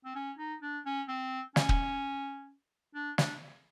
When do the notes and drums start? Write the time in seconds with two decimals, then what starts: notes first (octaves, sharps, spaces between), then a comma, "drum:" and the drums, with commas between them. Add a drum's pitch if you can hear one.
0.05 C4
0.16 C#4
0.38 D#4
0.62 D4
0.86 C#4
1.08 C4
1.56 C#4, drum: snare
1.69 drum: kick
2.95 D4
3.18 D4, drum: snare